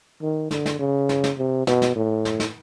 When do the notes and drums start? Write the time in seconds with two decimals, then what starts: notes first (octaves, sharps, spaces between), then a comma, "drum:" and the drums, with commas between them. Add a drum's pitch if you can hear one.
0.22 D#3
0.51 D3, drum: snare
0.66 drum: snare
0.80 C#3
1.09 drum: snare
1.24 drum: snare
1.39 C3
1.67 B2, drum: snare
1.82 drum: snare
1.96 A2
2.25 drum: snare
2.40 drum: snare